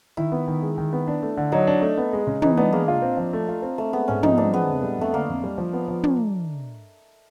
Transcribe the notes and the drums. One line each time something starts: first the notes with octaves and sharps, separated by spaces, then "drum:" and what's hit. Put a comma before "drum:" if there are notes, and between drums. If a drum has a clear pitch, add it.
D#3 E4
B3
D#3
G#3
D#3
B3
D4
A3
D3
F#3 D#4
D4
A3
B3
G#3
C#3
E3 D#4, drum: tom
B3 D4
G#3 A#3
F4
C4
F3
A3
F4
C4
A3 C4
G#3 B3
G#2 C#4
F3 D#4, drum: tom
C4 D4
G#3 B3
F2
G3
F2 A3
D3 A#3
F2
G3
F3
B3
F3
drum: tom